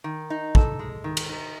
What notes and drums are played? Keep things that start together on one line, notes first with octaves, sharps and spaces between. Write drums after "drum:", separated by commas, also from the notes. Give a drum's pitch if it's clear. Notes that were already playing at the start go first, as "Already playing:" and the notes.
D#3
D#4
A4, drum: kick
G#3
D#3
drum: cymbal
D#4